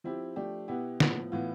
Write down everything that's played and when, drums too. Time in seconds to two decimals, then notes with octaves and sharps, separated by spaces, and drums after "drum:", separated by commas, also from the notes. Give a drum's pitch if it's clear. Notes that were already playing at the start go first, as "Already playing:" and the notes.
0.04 F3 C4 E4 G4
0.36 F3 A3 D4 G4
0.68 B2 B3 E4 G4
1.00 A2 F3 B3, drum: snare
1.32 A2 E3 B3 F4